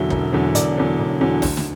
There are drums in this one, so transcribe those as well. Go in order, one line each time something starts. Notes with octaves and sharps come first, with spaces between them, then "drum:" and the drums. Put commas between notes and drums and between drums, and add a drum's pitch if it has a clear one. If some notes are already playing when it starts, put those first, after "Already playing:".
Already playing: E1 E2 D3 F#3 E5
E1, drum: kick
E2 D3 F#3
E1 D5, drum: hi-hat
E2 D3 F#3
E1
E2 D3 F#3
D2, drum: kick, open hi-hat
drum: snare